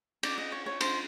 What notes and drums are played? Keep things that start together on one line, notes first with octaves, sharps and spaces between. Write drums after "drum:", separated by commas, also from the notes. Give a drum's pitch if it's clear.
D5, drum: cymbal
D#5
C#5
C#5
C5, drum: cymbal